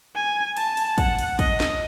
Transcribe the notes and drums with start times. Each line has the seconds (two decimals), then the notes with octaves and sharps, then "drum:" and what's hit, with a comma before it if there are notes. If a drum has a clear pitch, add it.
0.15 G#5
0.57 A5, drum: cymbal
0.77 drum: cymbal
0.98 F#5, drum: kick, cymbal
1.18 drum: cymbal
1.39 D#5, drum: kick, cymbal
1.60 drum: snare